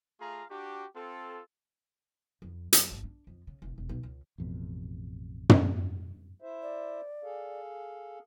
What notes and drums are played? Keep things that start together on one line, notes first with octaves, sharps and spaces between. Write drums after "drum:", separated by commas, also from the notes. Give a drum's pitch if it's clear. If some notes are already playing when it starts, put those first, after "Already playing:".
A3 F4 G#4 F5 A#5
D4 F#4 G4
C4 F4 A4
F2
F#2, drum: hi-hat
G#1
D4
F2
C#3
F1
E1
B1
C#2
A1 F2 B2
drum: tom
E4 C5 E5
D5
G#4 A4 F5